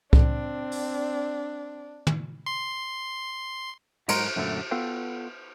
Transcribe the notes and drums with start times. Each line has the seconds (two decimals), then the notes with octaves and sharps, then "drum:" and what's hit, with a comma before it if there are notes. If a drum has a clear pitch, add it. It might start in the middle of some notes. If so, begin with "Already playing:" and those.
0.13 C4 D4, drum: kick C2
0.72 drum: open hi-hat
2.07 drum: tom
2.46 C6
4.09 G#2 F#3 G#3 A#4 A#5 C6, drum: cymbal
4.36 F#2 A#2 D3 G3 A3
4.71 B3 F4 A4 B4 F5 G5